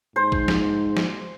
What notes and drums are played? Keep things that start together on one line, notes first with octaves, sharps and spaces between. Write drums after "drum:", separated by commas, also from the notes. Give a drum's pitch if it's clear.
G#2 C5
drum: kick A1
drum: snare
drum: snare